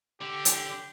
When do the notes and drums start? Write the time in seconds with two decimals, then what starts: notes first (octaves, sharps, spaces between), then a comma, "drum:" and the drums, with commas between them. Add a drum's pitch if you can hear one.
0.21 D3 G4
0.45 drum: hi-hat